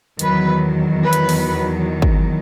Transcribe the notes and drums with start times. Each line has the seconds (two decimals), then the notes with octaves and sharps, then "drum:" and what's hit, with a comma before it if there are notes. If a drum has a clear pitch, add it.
0.19 E2 D#3 F#3 B4, drum: hi-hat
1.02 B4
1.13 drum: hi-hat
1.29 drum: open hi-hat
2.02 drum: kick